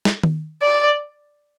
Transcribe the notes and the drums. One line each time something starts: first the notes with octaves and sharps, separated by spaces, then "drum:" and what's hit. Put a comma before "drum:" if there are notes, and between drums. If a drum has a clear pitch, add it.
drum: snare
drum: tom D#3
D5